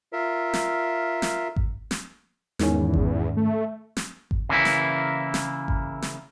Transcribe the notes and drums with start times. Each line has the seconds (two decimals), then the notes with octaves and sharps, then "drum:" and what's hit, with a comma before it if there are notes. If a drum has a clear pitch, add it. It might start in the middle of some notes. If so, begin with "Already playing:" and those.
0.13 F4 A#4 E5
0.53 drum: snare
1.22 drum: snare
1.56 drum: kick G#1
1.91 drum: snare
2.59 E2 G#2 D#3 C#4, drum: snare
2.94 drum: kick G#1
3.37 A3
3.97 drum: snare
4.31 drum: kick G#1
4.49 C#3 E3 A#3 E4
4.65 drum: snare
5.34 drum: snare
5.68 drum: kick G#1
6.02 drum: snare